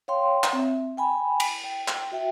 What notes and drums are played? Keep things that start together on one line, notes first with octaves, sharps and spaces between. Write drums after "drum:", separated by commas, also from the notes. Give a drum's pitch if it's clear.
C#5 F5 G5 C6
drum: clap
C4 E5
G5 G#5 B5
drum: cymbal
G5
drum: clap
F#4 E5 G5